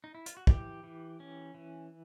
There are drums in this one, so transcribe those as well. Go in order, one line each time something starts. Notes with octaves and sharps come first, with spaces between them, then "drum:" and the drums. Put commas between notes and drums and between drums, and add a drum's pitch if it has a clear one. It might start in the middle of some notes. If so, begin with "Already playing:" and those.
D#4
E4
F4, drum: hi-hat
F#4
E3 G4, drum: kick
E3
C#4
E3